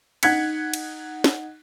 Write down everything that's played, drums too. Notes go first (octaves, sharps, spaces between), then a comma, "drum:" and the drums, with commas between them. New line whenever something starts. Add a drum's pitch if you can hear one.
D#4 F#5 F#6 G#6 B6 C#7, drum: cymbal
drum: cymbal
drum: snare